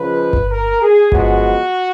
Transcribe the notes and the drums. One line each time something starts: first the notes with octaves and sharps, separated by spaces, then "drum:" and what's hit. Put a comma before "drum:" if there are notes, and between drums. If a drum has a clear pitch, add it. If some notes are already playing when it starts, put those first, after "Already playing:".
Already playing: C#2 C#3 F3 B4
drum: kick G1
A#4
G#4
F#2 F3 G#3 B3 F#4, drum: kick G1